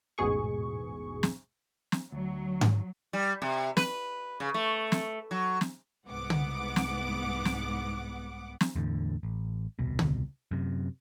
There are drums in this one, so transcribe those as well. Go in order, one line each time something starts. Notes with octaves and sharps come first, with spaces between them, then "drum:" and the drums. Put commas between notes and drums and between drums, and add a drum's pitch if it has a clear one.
A1 E2 G#2 B2 G#4 C#6
drum: snare
drum: snare
D2 F#3
drum: tom G#2
G3
C3
B4, drum: snare
C#3
A3
drum: snare
F#3
drum: snare
C2 G#2 B3 F#5 D6
drum: tom
drum: snare
drum: snare
drum: snare
E2 A2 D3
A1
D#1 C2 B2
drum: tom
F#2 C3